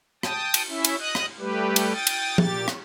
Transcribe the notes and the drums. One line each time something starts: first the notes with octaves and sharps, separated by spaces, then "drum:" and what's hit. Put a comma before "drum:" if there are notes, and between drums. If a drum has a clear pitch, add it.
G5 A5 D#6, drum: rim click
drum: cymbal
C#4 E4 E5
drum: cymbal
D#5 D#6 F#6
drum: rim click
G3 A3 G4 B4
drum: cymbal
G5 D#6 A6
drum: cymbal
A#2 G4 A6, drum: tom
drum: rim click